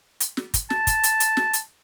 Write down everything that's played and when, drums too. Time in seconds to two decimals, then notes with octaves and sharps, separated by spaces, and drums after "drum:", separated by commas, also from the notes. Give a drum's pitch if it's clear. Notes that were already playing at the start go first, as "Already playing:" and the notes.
0.20 drum: hi-hat
0.37 drum: snare
0.54 drum: kick, hi-hat
0.70 A5, drum: snare
0.87 drum: kick, hi-hat
1.04 drum: hi-hat
1.20 drum: hi-hat
1.37 drum: snare
1.53 drum: hi-hat